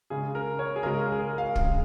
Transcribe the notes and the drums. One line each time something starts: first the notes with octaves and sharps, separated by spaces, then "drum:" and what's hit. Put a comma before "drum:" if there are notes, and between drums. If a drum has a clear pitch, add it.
C#3 G#3 G#4
A#4
C#5
G#4
C#3 G#3 A#4
A#4
G#4
A#4
F5
C#3 G#3, drum: kick